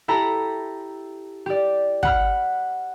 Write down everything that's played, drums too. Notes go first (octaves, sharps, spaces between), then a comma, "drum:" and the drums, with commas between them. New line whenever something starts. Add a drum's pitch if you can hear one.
E4 G4 A4 A#5 B5
G4 D5
F#5 B5 F6, drum: kick